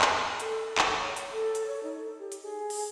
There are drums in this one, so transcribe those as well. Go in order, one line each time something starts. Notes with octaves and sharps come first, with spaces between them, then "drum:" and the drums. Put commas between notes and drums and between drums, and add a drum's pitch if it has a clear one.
drum: clap
G#5
A4, drum: hi-hat
drum: clap
C#5
drum: hi-hat
A4
drum: hi-hat
C#5
D#4
A4
G4
drum: hi-hat
G#4
drum: open hi-hat